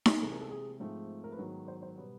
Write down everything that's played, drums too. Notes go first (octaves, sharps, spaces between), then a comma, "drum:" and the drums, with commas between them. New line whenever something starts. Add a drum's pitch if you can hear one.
drum: snare D#4
C3 E3 G#3 C4 A4
A#4
A4
G#4
G#2 F3 A3 C4
A#4
B4
G#2 D#3 F#3 B3 A#4
C5
C5
B2 G3 B3 C#5